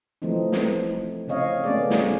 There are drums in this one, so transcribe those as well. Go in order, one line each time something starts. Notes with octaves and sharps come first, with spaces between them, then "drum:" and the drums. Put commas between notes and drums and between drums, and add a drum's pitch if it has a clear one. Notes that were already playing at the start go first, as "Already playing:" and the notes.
E3 F3 A3 C4 D#4
drum: snare
C#3 C4 C#5 D#5 F5
A3 B3 C#4 G#4 D5
drum: snare